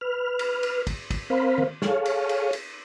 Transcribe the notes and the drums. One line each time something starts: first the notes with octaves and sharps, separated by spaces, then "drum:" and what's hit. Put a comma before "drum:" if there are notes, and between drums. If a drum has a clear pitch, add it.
B4 F6
drum: cymbal
drum: cymbal
drum: kick, cymbal
drum: kick, cymbal
C4 A#4 C5 F5 B5
drum: tom D#3
G#4 A4 C#5 F5, drum: snare
drum: cymbal
drum: cymbal
drum: cymbal